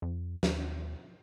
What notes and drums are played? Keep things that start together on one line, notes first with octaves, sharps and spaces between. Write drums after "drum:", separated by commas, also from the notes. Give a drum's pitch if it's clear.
F2
D#2, drum: snare